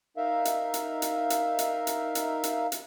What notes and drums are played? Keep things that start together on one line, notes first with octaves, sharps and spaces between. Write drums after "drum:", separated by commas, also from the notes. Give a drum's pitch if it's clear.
D#4 A#4 E5 F5
drum: hi-hat
drum: hi-hat
drum: hi-hat
drum: hi-hat
drum: hi-hat
drum: hi-hat
drum: hi-hat
drum: hi-hat
drum: hi-hat